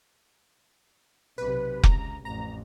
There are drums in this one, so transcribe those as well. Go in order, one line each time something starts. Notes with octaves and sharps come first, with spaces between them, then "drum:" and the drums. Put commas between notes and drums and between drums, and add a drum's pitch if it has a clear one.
B1 C3 B4
C#2 A#5, drum: kick F1
A1 F2 A#5